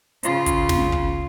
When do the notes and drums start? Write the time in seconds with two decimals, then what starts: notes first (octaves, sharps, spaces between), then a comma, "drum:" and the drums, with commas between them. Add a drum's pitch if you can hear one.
0.23 C#3 F4, drum: hi-hat
0.46 drum: kick, hi-hat
0.69 drum: snare
0.92 drum: kick